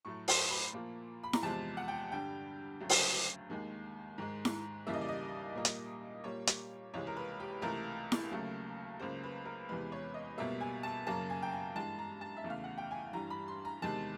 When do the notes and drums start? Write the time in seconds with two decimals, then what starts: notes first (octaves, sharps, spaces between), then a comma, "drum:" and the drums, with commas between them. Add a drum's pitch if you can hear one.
0.05 A2 F#3 A3 C#6
0.28 C6, drum: open hi-hat
0.50 B5
0.73 A#2 F3 A#3
1.23 B5
1.33 A#5, drum: snare E4
1.43 E2 C3 F3 G#3 A5
1.77 F#5
1.88 G5
2.12 G2 D3 G3 G5
2.80 D2 C#3 F#3 A3
2.90 drum: open hi-hat
3.50 D#2 D#3 G#3
4.18 G#2 D#3 G#3
4.45 drum: snare E4
4.87 D#2 C#3 E3 G3 A#3 E5
4.94 D#5
5.01 D5
5.08 D#5
5.55 A#2 G3 A#3
5.65 drum: hi-hat
6.24 A#2 G3 A#3 C#5
6.47 drum: hi-hat
6.94 C#2 C3 E3 G#3 C#5
7.07 A#4
7.16 B4
7.40 G4
7.62 C#2 C3 E3 A3 A#4
8.12 drum: snare E4
8.31 D#2 C#3 F#3 A3
8.99 C#2 C#3 F#3 A#3 C5
9.23 B4
9.45 A#4
9.69 E2 C3 E3 G#3 B4
9.92 C#5
10.14 D#5
10.38 C#2 B2 G3 A#3 E5
10.61 G#5
10.83 A5
11.07 F#2 C#3 F#3 A#3 A5
11.30 G#5
11.42 G5
11.52 G#5
11.75 G2 E3 G#3 A5
11.98 A#5
12.21 A5
12.37 E5
12.44 E2 C#3 E3 A3
12.50 F5
12.64 F#5
12.78 G5
12.91 G#5
13.13 G2 E3 G3 A#5
13.30 B5
13.48 C6
13.65 A#5
13.82 E2 C3 D#3 G#3 A5